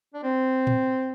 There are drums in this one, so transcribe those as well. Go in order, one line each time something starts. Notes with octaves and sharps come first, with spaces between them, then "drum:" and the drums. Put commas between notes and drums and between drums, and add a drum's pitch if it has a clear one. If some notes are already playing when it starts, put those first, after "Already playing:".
D4
C4
drum: tom A2